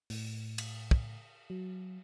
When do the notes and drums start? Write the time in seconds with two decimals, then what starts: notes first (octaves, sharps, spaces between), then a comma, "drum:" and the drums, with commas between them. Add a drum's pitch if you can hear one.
0.10 A2, drum: open hi-hat
0.58 drum: cymbal
0.91 drum: kick
1.50 F#3